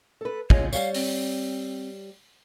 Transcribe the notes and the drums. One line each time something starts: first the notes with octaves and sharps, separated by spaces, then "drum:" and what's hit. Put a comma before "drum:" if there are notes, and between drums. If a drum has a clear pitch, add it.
A4 B4
F4 G#4 C#5 D#5, drum: kick
G3 C#5 F5, drum: tambourine
C4, drum: open hi-hat